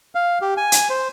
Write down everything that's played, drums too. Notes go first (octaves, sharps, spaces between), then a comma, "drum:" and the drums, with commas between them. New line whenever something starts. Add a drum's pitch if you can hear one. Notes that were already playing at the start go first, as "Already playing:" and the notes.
F5
G4
G#5
drum: hi-hat
C5